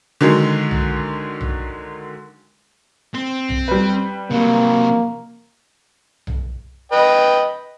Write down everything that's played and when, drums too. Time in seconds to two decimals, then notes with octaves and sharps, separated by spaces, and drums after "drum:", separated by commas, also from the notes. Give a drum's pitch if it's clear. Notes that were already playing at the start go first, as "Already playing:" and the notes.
0.21 D3 D#3 F#3 G#3
0.71 drum: tom B1
1.41 drum: tom B1
3.14 C4
3.49 drum: tom B1
3.68 G3 B4
4.31 C3 F#3 A#3
6.27 drum: tom B1
6.92 B4 D#5 G5